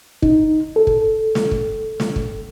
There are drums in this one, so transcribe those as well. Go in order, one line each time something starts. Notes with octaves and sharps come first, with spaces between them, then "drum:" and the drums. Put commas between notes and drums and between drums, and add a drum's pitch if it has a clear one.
D#4, drum: kick
A4
drum: kick
drum: snare
drum: kick
drum: snare
drum: kick